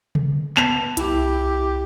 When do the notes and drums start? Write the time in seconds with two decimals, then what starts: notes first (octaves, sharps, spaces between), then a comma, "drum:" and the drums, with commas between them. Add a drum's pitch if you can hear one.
0.15 drum: tom C3
0.57 B3 A5 F7, drum: clap
0.97 C2 E4 G4, drum: hi-hat